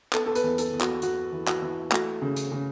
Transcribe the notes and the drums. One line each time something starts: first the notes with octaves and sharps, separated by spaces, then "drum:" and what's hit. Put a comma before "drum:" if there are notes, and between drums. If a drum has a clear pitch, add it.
B3 A4, drum: clap
A4
B4, drum: hi-hat
E2
A4, drum: hi-hat
E2
F#4, drum: clap
E2 F#4, drum: hi-hat
E3
F#4, drum: clap
E3
A3 F#4, drum: clap
C#3
drum: hi-hat
C#3